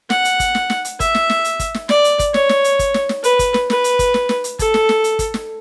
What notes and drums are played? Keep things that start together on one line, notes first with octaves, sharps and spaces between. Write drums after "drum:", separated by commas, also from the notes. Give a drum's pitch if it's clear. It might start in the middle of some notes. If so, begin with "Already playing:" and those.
F#5, drum: snare
drum: hi-hat
drum: kick, hi-hat
drum: snare
drum: snare
drum: hi-hat
E5, drum: kick, hi-hat
drum: snare
drum: snare
drum: hi-hat
drum: kick, hi-hat
drum: snare
D5, drum: snare
drum: hi-hat
drum: kick, hi-hat
C#5, drum: snare
drum: snare
drum: hi-hat
drum: kick, hi-hat
drum: snare
drum: snare
B4, drum: hi-hat
drum: kick, hi-hat
drum: snare
B4, drum: snare
drum: hi-hat
drum: kick, hi-hat
drum: snare
drum: snare
drum: hi-hat
A4, drum: kick, hi-hat
drum: snare
drum: snare
drum: hi-hat
drum: kick, hi-hat
drum: snare